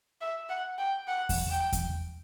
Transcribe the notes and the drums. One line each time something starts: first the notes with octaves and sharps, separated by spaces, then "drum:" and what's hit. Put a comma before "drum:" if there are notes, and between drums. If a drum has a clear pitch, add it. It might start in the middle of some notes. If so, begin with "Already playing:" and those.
E5
F#5
G5
F#5
drum: kick E2, open hi-hat
G5
drum: kick E2, hi-hat